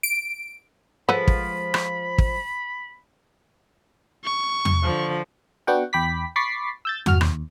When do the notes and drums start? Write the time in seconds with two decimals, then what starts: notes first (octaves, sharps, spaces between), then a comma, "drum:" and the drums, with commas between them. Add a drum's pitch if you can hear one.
0.03 D7
1.09 F3 G#3 A4 B4 F#5 B5
1.28 drum: kick
1.74 drum: rim click
2.18 drum: kick
4.24 C#6
4.65 drum: tom E2
4.83 D3 F3
5.67 B3 D4 F#4 F#5 G5
5.93 E2 G5 B5 D6 B6
6.36 B5 C#6 D6 A6 B6 C7
6.85 E6 G6 A6
7.06 G#1 F#4 F6, drum: tom E2
7.21 D#2, drum: rim click